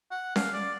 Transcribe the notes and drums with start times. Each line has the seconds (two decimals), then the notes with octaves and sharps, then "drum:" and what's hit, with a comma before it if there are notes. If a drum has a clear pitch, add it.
0.11 F#5
0.36 F5, drum: snare C#4
0.53 D5